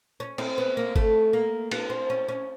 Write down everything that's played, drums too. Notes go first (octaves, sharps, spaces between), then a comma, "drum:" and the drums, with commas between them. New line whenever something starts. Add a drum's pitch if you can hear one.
C#4
C4, drum: cymbal
B3
A#3
A3, drum: kick
A#3
B3, drum: cymbal
C4
C#4
C#4